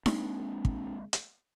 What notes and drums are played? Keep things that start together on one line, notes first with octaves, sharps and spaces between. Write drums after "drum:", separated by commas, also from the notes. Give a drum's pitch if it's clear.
G#3 A#3 C4 D4, drum: snare D#4
drum: kick
drum: hi-hat